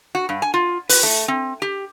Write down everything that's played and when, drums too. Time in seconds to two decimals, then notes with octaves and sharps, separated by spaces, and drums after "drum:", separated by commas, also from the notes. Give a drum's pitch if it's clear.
0.15 F#4
0.29 G2
0.42 G#5
0.54 F4
0.89 B4, drum: open hi-hat
1.03 A3
1.28 C4
1.62 G4